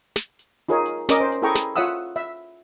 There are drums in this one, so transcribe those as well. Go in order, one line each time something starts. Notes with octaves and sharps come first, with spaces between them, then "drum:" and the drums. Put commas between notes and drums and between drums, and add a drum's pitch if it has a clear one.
drum: snare
drum: hi-hat
D#4 F4 G#4 A#4 C#5
drum: hi-hat
C#4 A#4 D#5 D6, drum: snare
C5
drum: hi-hat
E4 G#4 A4 G5 A#5 C#6
drum: snare
F4 C#5 E5 F#5 D#6 E6, drum: hi-hat
E5